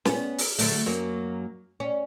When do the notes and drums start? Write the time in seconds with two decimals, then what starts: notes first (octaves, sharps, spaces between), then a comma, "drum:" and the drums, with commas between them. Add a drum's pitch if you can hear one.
0.05 B3 C#4, drum: snare
0.38 drum: open hi-hat
0.58 D3 F#3 A3, drum: open hi-hat
0.86 F#2 F#3 A#3
1.80 C#4